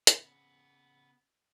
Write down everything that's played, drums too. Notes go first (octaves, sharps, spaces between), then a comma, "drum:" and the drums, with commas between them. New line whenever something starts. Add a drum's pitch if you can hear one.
C#3 B3, drum: hi-hat